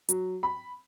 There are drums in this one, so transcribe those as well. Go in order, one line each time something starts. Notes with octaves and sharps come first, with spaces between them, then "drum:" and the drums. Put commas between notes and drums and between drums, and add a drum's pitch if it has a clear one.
F#3, drum: hi-hat
B5